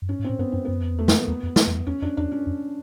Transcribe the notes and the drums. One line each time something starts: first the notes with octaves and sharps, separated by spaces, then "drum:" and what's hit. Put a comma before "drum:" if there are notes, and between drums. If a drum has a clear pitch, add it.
F#2
G2 C#4
G#2
A2 C4
G2 B3
F#2 C4
F#2 B3
F2
E2 A3
F2 A#3, drum: snare
B3
E2
F2
drum: snare
F2
E2
F2
E2 C#4
F2 D4
E2 D4
C#4
F2